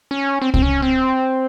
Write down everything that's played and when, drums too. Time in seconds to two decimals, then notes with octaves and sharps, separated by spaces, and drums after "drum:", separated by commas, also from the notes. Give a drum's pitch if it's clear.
0.11 C#4
0.42 C4
0.54 C4, drum: kick C2
0.63 C#4
0.82 C4